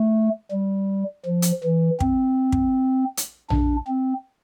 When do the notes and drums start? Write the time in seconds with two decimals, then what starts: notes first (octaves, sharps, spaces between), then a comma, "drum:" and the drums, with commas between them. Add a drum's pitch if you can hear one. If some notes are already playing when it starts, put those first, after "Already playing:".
Already playing: A3
0.52 G3
1.26 F3
1.42 drum: hi-hat
1.64 E3
2.00 C4, drum: kick
2.52 drum: kick
3.17 drum: hi-hat
3.50 D4, drum: tom A#1
3.88 C4